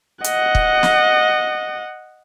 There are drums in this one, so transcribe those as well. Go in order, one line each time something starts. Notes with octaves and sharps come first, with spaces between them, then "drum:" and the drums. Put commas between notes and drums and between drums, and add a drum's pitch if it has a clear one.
D#5 F#5, drum: hi-hat
drum: kick
drum: snare